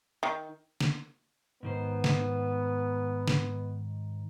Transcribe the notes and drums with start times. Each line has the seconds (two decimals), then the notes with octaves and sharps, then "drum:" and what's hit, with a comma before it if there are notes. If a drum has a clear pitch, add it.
0.23 D#3
0.81 drum: snare
1.63 G#2 D#3 B3 C5
2.04 drum: snare
3.28 drum: snare